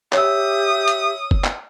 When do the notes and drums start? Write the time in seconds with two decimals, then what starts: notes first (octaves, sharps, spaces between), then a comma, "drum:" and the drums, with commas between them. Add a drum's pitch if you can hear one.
0.13 G4 C#5 E5 D#6 E6, drum: clap
0.88 drum: hi-hat
1.31 drum: kick F#1
1.44 drum: clap